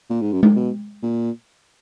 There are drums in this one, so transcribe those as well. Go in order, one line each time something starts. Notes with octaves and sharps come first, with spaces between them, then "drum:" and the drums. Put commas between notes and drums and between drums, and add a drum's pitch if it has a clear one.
A#2
G#2
F#2
G#2, drum: tom G#3
B2
A#2